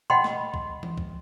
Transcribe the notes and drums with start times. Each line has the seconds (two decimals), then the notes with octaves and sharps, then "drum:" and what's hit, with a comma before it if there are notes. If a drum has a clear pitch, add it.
0.10 D#5 F#5 G5 B5 C6, drum: tom
0.24 drum: snare
0.54 drum: kick B1
0.83 drum: tom E3
0.98 drum: kick B1